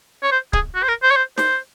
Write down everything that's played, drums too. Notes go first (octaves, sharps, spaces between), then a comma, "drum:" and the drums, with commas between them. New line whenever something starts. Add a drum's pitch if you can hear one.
C#5
C5
G#4, drum: kick C#1
F#4
C5
A#4
C5
C#5
C5
C5, drum: snare